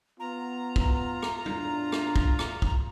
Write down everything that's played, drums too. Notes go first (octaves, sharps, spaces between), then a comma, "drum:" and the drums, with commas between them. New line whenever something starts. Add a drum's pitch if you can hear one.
B3 F4 A#5
drum: kick
drum: rim click
E2 A2 D4, drum: tom
drum: rim click
drum: kick
drum: rim click
drum: kick